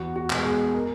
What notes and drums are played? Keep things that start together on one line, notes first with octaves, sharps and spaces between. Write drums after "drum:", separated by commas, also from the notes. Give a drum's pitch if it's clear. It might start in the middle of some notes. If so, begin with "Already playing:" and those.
Already playing: E2 F#4
F#4
B2 G#3, drum: clap
G#4
A#4